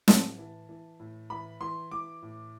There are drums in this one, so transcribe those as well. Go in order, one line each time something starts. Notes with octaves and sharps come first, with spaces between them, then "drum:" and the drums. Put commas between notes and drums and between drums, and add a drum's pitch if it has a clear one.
A2 A5, drum: snare
E3
E3
A2
E3 B5
E3 C6
E3 D6
A2